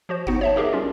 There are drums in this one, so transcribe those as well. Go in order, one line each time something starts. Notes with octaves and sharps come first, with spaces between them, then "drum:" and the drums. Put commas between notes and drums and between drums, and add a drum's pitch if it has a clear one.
F3 F#4 C5
B3 D#4 F#4 F#5, drum: kick G1
C#5 E5 A5
D#4 G4 G#4 A#4 D#5
G3 C#4 F4